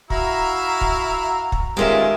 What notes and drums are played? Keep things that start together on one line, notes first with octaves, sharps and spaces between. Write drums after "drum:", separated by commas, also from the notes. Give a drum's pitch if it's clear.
E4 F#4 E5 F5 A#5, drum: kick
drum: kick
drum: kick
D#3 G#3 C#4 F4 G4 A4 A#4 E5